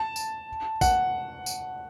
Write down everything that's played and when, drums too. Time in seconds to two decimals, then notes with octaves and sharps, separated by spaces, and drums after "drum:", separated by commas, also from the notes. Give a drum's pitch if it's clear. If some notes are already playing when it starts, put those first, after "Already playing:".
Already playing: A5
0.16 drum: tambourine
0.81 F#5, drum: kick, tambourine
1.46 drum: tambourine